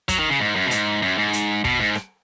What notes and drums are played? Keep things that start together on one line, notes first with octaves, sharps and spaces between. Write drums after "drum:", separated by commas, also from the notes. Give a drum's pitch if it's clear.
F#3, drum: kick, hi-hat
D#3
C#3
G#2
F#2
B2
G#2, drum: hi-hat
F#2
G#2
drum: hi-hat
B2, drum: kick
G#2
drum: rim click